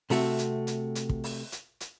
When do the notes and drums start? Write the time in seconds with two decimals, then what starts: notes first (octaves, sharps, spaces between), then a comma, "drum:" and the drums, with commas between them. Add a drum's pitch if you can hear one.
0.10 C3 A3 F#4, drum: open hi-hat
0.39 drum: hi-hat
0.67 drum: hi-hat
0.95 drum: hi-hat
1.09 drum: kick
1.24 drum: open hi-hat
1.52 drum: hi-hat
1.80 drum: hi-hat